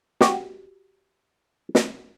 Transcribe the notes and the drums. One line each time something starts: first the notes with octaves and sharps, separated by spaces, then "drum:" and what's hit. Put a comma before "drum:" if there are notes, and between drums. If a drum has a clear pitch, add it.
F#4 G4, drum: snare
drum: snare